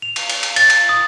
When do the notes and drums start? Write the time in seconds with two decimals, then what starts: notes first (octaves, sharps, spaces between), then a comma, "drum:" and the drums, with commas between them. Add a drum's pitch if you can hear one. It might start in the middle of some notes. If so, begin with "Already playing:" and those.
0.02 F7
0.16 drum: cymbal
0.29 drum: cymbal
0.43 drum: cymbal
0.56 A6, drum: cymbal
0.70 drum: cymbal
0.89 D#6